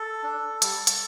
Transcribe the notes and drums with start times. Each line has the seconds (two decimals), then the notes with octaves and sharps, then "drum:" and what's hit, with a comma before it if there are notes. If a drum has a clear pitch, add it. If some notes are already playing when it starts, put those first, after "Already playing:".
Already playing: A4
0.23 D4
0.62 G3, drum: hi-hat
0.87 drum: hi-hat